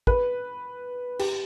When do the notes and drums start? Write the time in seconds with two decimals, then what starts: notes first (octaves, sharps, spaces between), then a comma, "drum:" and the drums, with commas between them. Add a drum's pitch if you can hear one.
0.07 B4, drum: kick
1.19 G4, drum: cymbal